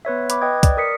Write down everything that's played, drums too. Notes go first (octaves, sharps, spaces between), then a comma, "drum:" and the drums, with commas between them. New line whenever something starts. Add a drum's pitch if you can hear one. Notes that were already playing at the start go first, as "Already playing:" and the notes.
B3 B4 C#5 E5
B5 D6, drum: hi-hat
B4 D#5 G5 D#6 G#6
D5, drum: kick C2, hi-hat
A#4 D#6 B6 C#7